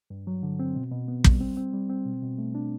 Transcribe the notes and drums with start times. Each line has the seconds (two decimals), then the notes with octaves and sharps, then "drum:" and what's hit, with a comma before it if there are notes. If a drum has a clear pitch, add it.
0.10 G2
0.27 F#3
0.43 D3
0.59 C4
0.75 B2
0.91 B2
1.08 B3
1.24 G3, drum: kick
1.41 C4
1.57 C4
1.73 G3
1.90 C4
2.06 B2
2.22 B2
2.38 A3
2.55 D4